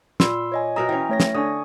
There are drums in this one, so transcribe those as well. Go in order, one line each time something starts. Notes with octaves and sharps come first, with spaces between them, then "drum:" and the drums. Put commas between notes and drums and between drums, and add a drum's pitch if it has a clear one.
A#2 B5 C6 E6, drum: snare
C#5 D#5 G#5
B2 A#4 E5 A#5 D#6 A#6
E3 C#4 G5
A3 C#5 A#6
drum: snare
D3 G#5 C#6 D#6